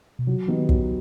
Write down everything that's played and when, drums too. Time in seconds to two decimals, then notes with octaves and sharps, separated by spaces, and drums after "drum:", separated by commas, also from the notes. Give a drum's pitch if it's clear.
0.19 B2
0.27 C3 F#3
0.48 E3 B3 D#4 G4
0.59 D#3
0.69 F#3, drum: kick